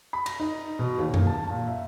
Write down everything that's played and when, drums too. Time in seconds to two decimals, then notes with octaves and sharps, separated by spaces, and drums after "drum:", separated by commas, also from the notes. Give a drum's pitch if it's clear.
0.13 B5
0.26 A#6, drum: cymbal
0.40 D#4
0.79 B2
0.99 D#2
1.14 A#3, drum: tom F#2
1.27 A5
1.50 A#2
1.68 E5